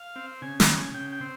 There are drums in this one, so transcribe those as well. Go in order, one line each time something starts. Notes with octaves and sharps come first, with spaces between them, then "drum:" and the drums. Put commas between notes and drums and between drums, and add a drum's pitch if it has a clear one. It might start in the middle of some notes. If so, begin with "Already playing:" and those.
Already playing: F5
C4
C#3 G#5
A#5, drum: snare
C#3
G#5
C#3 G5
G5
C4